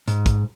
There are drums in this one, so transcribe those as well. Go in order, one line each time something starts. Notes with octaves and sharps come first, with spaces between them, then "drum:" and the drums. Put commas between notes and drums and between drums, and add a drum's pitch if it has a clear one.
G#2, drum: hi-hat
drum: kick, hi-hat